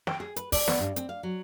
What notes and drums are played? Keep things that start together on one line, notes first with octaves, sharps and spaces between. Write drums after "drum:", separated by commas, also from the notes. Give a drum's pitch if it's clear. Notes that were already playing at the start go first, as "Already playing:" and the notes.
G5, drum: snare
G#4
B4, drum: hi-hat
D5, drum: kick, open hi-hat
B3, drum: snare
G2
C4, drum: hi-hat
F5
F#3